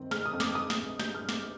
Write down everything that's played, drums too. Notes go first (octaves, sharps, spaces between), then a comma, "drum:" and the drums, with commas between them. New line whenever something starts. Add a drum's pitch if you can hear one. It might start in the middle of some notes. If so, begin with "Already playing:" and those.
Already playing: G1 D#3 C4
G#3 F6, drum: snare
D#6
F2
D6, drum: snare
G#2 D#6
D#6, drum: snare
A#1
G3 G6, drum: snare
F6
A#1
D6, drum: snare